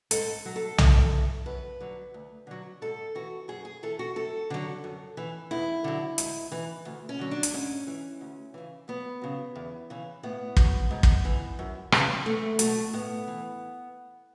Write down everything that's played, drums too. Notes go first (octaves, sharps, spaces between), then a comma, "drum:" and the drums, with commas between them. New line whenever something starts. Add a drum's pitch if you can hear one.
G#2 A4, drum: hi-hat
F#3
A4
G#2, drum: tom B1
E3
F#2 B4
D3 F#3
D2
D3 F#3
G#2 A4
E3 F#4
F#2 G#4
G#4
E3 A4
F#4
F#2 A4
D3 F#3
F#2
E3
E2 E4
D3 F#3
G#2, drum: hi-hat
E3
D2
C#4
D3 F#3
D4
drum: hi-hat
G#2 C#4
E3
D2
C#3 E3
F#2 B3
C#3 F#3
E2
C#3 E3
A2 B3
F#3, drum: kick
G#2
drum: kick
E3
F#2
C#3 E3, drum: rim click
E2 A3
B2 F#3 A3, drum: hi-hat
A2 B3
E3